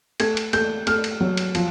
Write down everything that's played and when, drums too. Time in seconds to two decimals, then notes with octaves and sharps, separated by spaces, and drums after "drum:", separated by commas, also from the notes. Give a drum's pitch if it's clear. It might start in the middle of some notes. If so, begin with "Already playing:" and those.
0.20 A3 G#6, drum: cymbal
0.37 drum: cymbal
0.53 A3 G6, drum: cymbal
0.87 A3 F6, drum: cymbal
1.04 drum: cymbal
1.21 F#3
1.37 drum: cymbal
1.55 F3, drum: cymbal